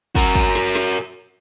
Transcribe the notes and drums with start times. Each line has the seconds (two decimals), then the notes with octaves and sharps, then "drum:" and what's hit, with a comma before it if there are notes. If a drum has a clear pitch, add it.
0.15 F#4 A#4, drum: kick
0.35 drum: kick
0.55 drum: snare
0.75 drum: snare